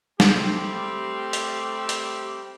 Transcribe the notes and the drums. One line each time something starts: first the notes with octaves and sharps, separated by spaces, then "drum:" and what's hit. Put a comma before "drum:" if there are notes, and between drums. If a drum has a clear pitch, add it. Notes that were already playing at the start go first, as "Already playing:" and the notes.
G3 A3 C4 G4, drum: snare
drum: hi-hat
drum: hi-hat